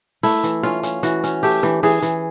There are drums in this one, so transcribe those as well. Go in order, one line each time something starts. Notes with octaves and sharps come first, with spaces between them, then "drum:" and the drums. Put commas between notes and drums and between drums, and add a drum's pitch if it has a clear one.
A3 E4, drum: open hi-hat
E3, drum: hi-hat
C#4 F4, drum: snare D4
C#4, drum: hi-hat
E3 F#4, drum: hi-hat
C#4, drum: hi-hat
A3 G4, drum: open hi-hat
E3, drum: snare D4
E3 G#4, drum: open hi-hat
E3, drum: hi-hat